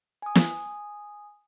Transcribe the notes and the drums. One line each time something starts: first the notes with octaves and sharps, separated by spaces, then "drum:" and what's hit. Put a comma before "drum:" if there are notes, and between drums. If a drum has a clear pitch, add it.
G#5 D#6
drum: snare